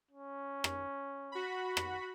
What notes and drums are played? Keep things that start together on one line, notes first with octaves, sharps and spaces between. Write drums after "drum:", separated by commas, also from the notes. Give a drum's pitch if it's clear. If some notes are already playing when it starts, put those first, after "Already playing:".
C#4
drum: rim click
F#4 B5
drum: rim click